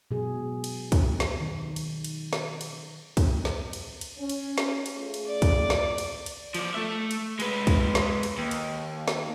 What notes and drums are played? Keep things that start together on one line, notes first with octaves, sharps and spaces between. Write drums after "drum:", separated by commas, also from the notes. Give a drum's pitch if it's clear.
B2 F#3 G#4
drum: cymbal
drum: kick, cymbal
drum: snare
D#3
drum: cymbal
drum: cymbal
drum: snare
drum: cymbal
drum: kick, cymbal
drum: snare
drum: cymbal
drum: cymbal
C#4
drum: cymbal
drum: snare
drum: cymbal
A3 F4 G#4
drum: cymbal
D5
drum: kick, cymbal
drum: snare
drum: cymbal
drum: cymbal
F3 D5, drum: cymbal
A3 E5
drum: cymbal
G#3 B4, drum: cymbal
drum: kick, cymbal
drum: snare
drum: cymbal
D#2
drum: cymbal
drum: snare